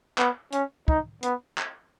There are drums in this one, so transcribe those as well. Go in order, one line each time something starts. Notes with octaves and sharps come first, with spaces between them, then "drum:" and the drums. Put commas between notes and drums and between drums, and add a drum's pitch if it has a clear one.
B3, drum: clap
C#4, drum: hi-hat
D#4, drum: kick
B3, drum: hi-hat
drum: clap